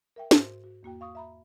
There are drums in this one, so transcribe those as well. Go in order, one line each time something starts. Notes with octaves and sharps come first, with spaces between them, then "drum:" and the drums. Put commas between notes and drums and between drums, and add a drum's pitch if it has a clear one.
A#4 E5 G5
G#2 F#4 C5 C6, drum: snare
F#4
E2 A#3 F#4 G5
F5 C#6 D#6
E5 A#5 B5